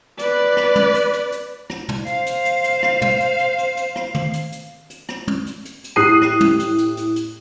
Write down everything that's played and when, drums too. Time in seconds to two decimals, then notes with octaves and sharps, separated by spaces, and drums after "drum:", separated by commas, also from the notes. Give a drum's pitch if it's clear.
0.19 B4 D5, drum: hi-hat
0.57 drum: rim click
0.76 drum: tom
0.94 drum: hi-hat
1.13 drum: hi-hat
1.32 drum: hi-hat
1.70 drum: rim click
1.89 drum: tom
2.06 C5 F5, drum: hi-hat
2.26 drum: hi-hat
2.45 drum: hi-hat
2.64 drum: hi-hat
2.83 drum: rim click
3.02 drum: tom
3.20 drum: hi-hat
3.39 drum: hi-hat
3.58 drum: hi-hat
3.77 drum: hi-hat
3.96 drum: rim click
4.15 drum: tom
4.33 drum: hi-hat
4.52 drum: hi-hat
4.90 drum: hi-hat
5.09 drum: rim click
5.28 drum: tom
5.46 drum: hi-hat
5.65 drum: hi-hat
5.84 drum: hi-hat
5.96 A2 G4 D#6 F#6 C7 D#7
6.22 drum: rim click
6.41 drum: tom
6.59 drum: hi-hat
6.78 drum: hi-hat
6.97 drum: hi-hat
7.16 drum: hi-hat